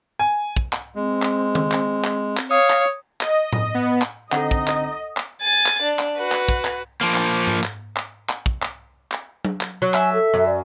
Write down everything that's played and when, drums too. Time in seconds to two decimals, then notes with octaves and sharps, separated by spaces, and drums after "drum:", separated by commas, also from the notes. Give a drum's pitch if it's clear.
0.19 G#5
0.56 drum: kick
0.73 drum: clap
0.95 G#3 C4
1.22 drum: clap
1.55 drum: tom D#3
1.72 drum: clap
2.04 drum: clap
2.37 drum: clap
2.51 C#5 F5 D#6
2.70 drum: clap
3.21 D#5, drum: clap
3.53 drum: tom A2
3.74 B3
4.02 drum: clap
4.32 D3 C4 D#4 A4 D#5 F#5, drum: clap
4.51 drum: kick
4.68 drum: clap
5.17 drum: clap
5.42 G#5 A6
5.66 drum: clap
5.83 D4
5.99 drum: clap
6.18 F#4 B4
6.32 drum: clap
6.49 drum: kick
6.65 drum: clap
7.01 F3 A#3
7.14 drum: clap
7.47 drum: tom G#2
7.64 drum: clap
7.97 drum: clap
8.29 drum: clap
8.46 drum: kick
8.62 drum: clap
9.12 drum: clap
9.45 drum: tom F#3
9.61 drum: clap
9.82 F#3
9.94 E5 G#5, drum: clap
10.13 A4
10.34 F#2
10.46 D5